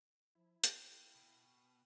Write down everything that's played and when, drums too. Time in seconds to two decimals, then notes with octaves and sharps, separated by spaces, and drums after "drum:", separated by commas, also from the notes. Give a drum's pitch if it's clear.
0.35 F3 E4
0.64 G5 F6, drum: hi-hat
1.15 B2